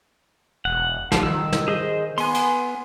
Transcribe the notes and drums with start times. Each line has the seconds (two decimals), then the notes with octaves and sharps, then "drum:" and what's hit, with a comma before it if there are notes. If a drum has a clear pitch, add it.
0.65 E1 F#5
1.12 A#1 F3 G3 F4, drum: snare
1.23 D#3 E6
1.52 drum: snare
1.68 G#4 C5 D#5
2.18 B3 G#5 C6, drum: open hi-hat
2.34 drum: cymbal